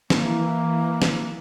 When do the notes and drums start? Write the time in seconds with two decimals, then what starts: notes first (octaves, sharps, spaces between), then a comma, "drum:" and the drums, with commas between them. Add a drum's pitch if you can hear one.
0.10 E3 A#3, drum: snare
1.02 drum: snare